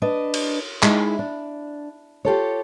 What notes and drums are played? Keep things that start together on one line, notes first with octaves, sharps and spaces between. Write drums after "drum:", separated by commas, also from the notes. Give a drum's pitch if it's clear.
D4 B4 D#5
drum: cymbal
G#3 D#4 E4, drum: clap
D4
F4 G4 A4 C#5